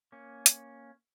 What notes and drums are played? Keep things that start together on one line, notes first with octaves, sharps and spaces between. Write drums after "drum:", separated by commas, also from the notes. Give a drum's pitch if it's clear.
A#3 C#4
drum: hi-hat